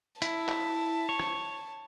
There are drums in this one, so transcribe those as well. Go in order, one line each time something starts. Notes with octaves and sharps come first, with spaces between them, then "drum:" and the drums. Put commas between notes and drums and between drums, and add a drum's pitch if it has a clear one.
E4 A5, drum: hi-hat
drum: clap
C#5
drum: rim click